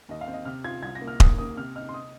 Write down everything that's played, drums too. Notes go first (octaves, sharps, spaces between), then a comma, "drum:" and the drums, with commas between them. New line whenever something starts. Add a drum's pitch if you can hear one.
D#2 D#5
F5
C4
D#5
C3 F6
F4 G#6
C2 G#6
A#6
A#3
F6
D#2 D#6, drum: kick D#1
A#3 D#6
C3 F6
D#4 F6
C6
D#6